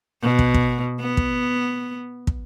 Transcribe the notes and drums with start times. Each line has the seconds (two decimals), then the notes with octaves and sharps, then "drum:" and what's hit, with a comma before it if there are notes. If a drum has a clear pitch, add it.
0.23 B2
0.39 drum: kick
0.54 drum: kick
1.00 B3
1.17 drum: kick
2.27 drum: kick